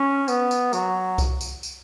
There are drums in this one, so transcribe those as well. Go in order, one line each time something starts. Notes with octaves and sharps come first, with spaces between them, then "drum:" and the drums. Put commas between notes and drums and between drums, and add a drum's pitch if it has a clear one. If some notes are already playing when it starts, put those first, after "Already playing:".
Already playing: C#4
B3, drum: tambourine
drum: tambourine
F#3, drum: tambourine
drum: kick C2, tambourine
drum: tambourine
drum: tambourine